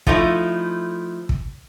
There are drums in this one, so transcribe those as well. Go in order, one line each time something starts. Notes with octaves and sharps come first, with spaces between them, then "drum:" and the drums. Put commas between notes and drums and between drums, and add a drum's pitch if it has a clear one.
F3 A3 D#4 E4, drum: kick
drum: kick